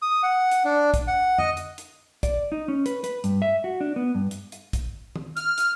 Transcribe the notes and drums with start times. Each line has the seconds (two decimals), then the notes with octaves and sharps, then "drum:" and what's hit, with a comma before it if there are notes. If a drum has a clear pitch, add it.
0.02 D#6
0.23 F#5
0.51 drum: hi-hat
0.65 D4
0.94 drum: kick, hi-hat
1.08 F#5
1.38 D#5, drum: tom F2
1.57 drum: hi-hat
1.78 drum: hi-hat
2.23 D5, drum: kick, hi-hat
2.52 D#4
2.68 C#4
2.86 B4, drum: hi-hat
3.04 B4, drum: hi-hat
3.24 G2, drum: hi-hat
3.42 E5
3.64 F#4
3.81 D4
3.96 B3
4.15 G2
4.31 drum: hi-hat
4.52 drum: hi-hat
4.73 drum: kick, hi-hat
5.16 drum: tom
5.37 F6, drum: hi-hat
5.58 drum: hi-hat